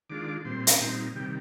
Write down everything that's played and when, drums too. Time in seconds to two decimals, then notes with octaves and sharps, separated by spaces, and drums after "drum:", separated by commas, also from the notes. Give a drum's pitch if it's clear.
0.10 D#3 G#3 D4 F4 D6
0.45 A#2 G3 C4 C6
0.67 drum: hi-hat
0.81 A#2 G3 C4 D#4
1.15 C3 D#3 G3 G5